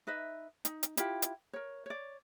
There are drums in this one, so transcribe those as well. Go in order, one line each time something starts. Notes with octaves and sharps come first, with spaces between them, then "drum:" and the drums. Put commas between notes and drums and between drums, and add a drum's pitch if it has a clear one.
D#4 B4 D#5 E5
D#4, drum: hi-hat
drum: hi-hat
E4 F4 G4 G5, drum: hi-hat
drum: hi-hat
A#4 C#5
C#5 D5